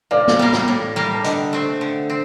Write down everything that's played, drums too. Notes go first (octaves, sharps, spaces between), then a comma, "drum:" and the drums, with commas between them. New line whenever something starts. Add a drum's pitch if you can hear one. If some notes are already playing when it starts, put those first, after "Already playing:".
A2 D5 F5
drum: snare
G3 A#3
drum: snare
A2
G3 A#3
A5
D3 D#5 G5, drum: hi-hat
A3 C4
D3
C4